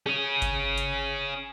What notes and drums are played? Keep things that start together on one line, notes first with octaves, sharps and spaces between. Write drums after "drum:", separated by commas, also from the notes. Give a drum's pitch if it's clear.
C#4 G#4, drum: rim click
drum: kick G#1, hi-hat
drum: hi-hat